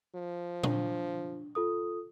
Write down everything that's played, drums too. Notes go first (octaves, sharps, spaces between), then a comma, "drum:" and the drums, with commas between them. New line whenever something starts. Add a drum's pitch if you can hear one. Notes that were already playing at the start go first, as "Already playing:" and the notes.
F3
D4, drum: tom A#2
F4 A4 D#6